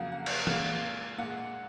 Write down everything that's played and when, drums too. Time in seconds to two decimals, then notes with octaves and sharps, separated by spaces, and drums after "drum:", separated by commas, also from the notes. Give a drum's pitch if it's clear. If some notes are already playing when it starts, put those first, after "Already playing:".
Already playing: F2 C#3 F#3 A#3 F5 F#5
0.12 F#5
0.26 drum: cymbal
0.47 A#2 G#3 F5, drum: tom E3
1.18 A#2 G#3 F#5